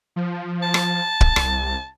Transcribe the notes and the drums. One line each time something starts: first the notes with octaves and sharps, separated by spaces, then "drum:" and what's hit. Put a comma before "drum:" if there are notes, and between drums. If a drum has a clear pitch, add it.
F3
A5
drum: rim click
drum: kick
C2, drum: rim click